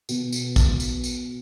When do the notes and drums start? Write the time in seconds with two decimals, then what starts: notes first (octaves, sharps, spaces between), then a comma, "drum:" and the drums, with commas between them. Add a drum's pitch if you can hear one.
0.09 B2, drum: tambourine
0.32 drum: tambourine
0.56 drum: kick, tambourine
0.80 drum: tambourine
1.04 drum: tambourine